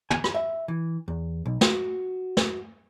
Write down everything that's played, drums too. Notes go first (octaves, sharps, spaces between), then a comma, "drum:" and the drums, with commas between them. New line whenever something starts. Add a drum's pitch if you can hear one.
G#5, drum: tom
drum: rim click
E5
E3
E2
B1
F#4, drum: snare
drum: snare